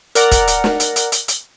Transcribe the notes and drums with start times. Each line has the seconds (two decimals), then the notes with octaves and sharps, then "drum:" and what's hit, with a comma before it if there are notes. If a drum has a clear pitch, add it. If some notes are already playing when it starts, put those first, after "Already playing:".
0.15 A#4 D5 F#5 A#5, drum: hi-hat
0.32 drum: kick, hi-hat
0.48 drum: hi-hat
0.64 drum: snare
0.80 drum: hi-hat
0.96 drum: hi-hat
1.12 drum: hi-hat
1.28 drum: hi-hat